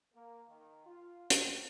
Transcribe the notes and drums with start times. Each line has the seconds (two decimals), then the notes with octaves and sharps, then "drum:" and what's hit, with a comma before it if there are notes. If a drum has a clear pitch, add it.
0.14 A#3
0.48 D#3
0.86 F4
1.30 C4, drum: hi-hat